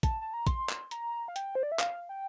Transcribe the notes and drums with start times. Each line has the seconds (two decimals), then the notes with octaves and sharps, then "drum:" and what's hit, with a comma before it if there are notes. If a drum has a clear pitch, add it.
0.03 A5, drum: kick, hi-hat
0.21 A5
0.34 A#5
0.47 C6, drum: kick, hi-hat
0.69 drum: clap
0.91 A#5, drum: hi-hat
1.28 F5
1.36 G5, drum: hi-hat
1.55 C5
1.63 D5
1.72 E5
1.79 F5, drum: clap
2.09 G5